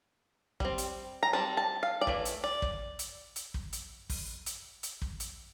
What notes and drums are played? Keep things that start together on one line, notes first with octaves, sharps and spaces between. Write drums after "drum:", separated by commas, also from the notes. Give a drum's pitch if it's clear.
G3 C4, drum: kick
drum: hi-hat
A#5
G3 C4 A5
A5
F5
D5
E3 A3, drum: kick
drum: hi-hat
D5
drum: kick
drum: hi-hat
drum: hi-hat
drum: kick
drum: hi-hat
drum: kick, open hi-hat
drum: hi-hat
drum: hi-hat
drum: kick
drum: hi-hat